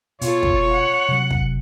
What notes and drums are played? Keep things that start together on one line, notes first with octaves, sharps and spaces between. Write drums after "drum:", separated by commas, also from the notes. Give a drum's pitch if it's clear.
B2 F4 A4 C#5, drum: hi-hat
drum: kick
F#5
C3 F#3
drum: kick